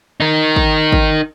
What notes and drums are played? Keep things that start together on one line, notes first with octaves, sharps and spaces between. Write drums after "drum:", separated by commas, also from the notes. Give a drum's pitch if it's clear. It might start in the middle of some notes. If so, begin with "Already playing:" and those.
D#4 A#4
drum: kick
drum: kick